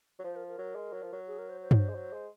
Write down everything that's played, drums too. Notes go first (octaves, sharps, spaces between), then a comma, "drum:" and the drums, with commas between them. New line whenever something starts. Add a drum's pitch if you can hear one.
F#3
F3 C5
A#4
A#4
F#3
G#3
F#3
F3
F#3
G#4
A#4
C5
C5
drum: tom G2
G#3
F#3
G#3